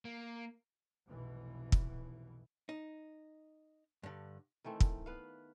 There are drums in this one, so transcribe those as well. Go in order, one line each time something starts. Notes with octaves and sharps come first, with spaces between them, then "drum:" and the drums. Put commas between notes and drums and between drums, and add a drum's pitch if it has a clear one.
A#3
F1 B1 B2 E3
drum: kick
D#4
G2 D3
D#3 E3 A3 C4
drum: kick
B3 B4 F5